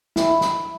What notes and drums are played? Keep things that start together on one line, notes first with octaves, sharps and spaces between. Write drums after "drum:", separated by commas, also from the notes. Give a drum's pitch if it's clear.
E4, drum: snare
drum: snare